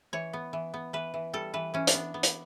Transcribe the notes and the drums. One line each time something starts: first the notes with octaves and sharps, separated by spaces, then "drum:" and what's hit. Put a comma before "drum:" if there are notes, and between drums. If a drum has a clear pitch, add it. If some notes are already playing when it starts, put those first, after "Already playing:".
E3 C#5
B3
E3
B3
E3 B4
E3
G3 A4
E3 B4
E3 C#4
D4, drum: hi-hat
B3
B3
drum: hi-hat